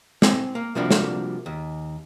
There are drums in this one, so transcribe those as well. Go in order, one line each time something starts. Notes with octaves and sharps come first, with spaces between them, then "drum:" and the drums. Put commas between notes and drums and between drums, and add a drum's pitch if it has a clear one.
C4 G5 G#5, drum: snare
A#3
C3 F3 G3 A#3 D4 F#4
drum: snare
D#2